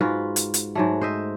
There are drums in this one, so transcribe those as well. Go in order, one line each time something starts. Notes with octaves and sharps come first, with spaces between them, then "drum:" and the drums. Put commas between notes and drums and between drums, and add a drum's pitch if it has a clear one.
G#2 F4 F#4 B4
drum: hi-hat
drum: hi-hat
G#2 F#3 A3
C5 D#5 E5